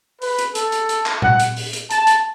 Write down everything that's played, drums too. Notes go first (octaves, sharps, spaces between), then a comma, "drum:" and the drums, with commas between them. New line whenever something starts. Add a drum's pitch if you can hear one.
B4, drum: open hi-hat
drum: hi-hat
A4, drum: hi-hat
drum: hi-hat
drum: hi-hat
drum: clap
F#5, drum: tom A#2
drum: hi-hat
drum: open hi-hat
drum: hi-hat
A5, drum: hi-hat
drum: hi-hat